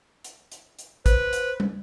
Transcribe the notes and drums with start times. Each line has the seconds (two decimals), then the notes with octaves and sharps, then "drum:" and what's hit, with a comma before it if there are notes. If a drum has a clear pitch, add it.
0.24 drum: hi-hat
0.52 drum: hi-hat
0.79 drum: hi-hat
1.06 B4 C5, drum: kick, hi-hat
1.33 drum: hi-hat
1.60 drum: tom G3